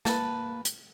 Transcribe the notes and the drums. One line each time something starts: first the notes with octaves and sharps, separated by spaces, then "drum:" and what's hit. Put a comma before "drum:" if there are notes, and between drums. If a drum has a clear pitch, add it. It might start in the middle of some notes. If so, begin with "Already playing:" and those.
A#3 B4 A5, drum: snare
drum: hi-hat